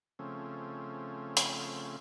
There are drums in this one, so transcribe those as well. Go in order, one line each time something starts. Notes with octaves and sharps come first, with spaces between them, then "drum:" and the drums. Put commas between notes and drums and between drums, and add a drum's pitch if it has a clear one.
C#3 F3 A3 C4 C#4
drum: hi-hat